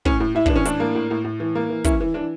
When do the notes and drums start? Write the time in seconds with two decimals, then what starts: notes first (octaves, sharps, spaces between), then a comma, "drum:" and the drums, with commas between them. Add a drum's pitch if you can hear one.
0.05 A2 C#4, drum: kick
0.20 A2
0.35 A2 E4
0.46 E3 D4, drum: kick
0.56 C#4
0.65 A2 D4, drum: hi-hat
0.80 A#3
0.95 A2
1.11 A2
1.24 A2
1.40 E3
1.55 A#3
1.69 E3
1.84 E3 C#4 E4, drum: kick, hi-hat
2.00 E3
2.14 E3 D4